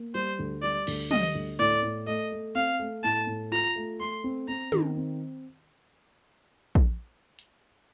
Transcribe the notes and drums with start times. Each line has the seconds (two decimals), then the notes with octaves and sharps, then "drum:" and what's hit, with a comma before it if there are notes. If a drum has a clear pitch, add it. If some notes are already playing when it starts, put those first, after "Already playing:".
Already playing: A#3
0.14 G3 C5, drum: tambourine
0.39 D2
0.63 G3 D5
0.87 D2, drum: cymbal
1.11 G3 D#5, drum: tom
1.35 D2
1.59 A2 D5
1.83 A2
2.07 A3 D#5
2.32 A3
2.55 C4 F5
2.79 A3
3.03 A2 A5
3.27 A2
3.51 F4 A#5
3.76 A3
4.00 A3 C6
4.24 C4
4.48 C4 A#5
4.72 D#3, drum: tom
4.97 C4
6.75 drum: kick A#1
7.39 drum: hi-hat